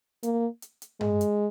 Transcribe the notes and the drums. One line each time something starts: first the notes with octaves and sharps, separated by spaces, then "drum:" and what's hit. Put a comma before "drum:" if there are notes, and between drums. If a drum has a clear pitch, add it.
A#3, drum: hi-hat
drum: hi-hat
drum: hi-hat
G#3, drum: tom G2
drum: hi-hat